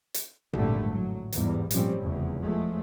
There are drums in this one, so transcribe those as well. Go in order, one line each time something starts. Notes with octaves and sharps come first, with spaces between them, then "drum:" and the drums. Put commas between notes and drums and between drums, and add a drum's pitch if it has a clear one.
drum: hi-hat
G#1 F2 A#2 D3 G3 A3, drum: tom B2
A2 F#3
E2 G#2 G3, drum: hi-hat
A#1 G#2 F3 G3 C4 C#4, drum: hi-hat
F1 E2 C#3
F3 F#3 G#3 A3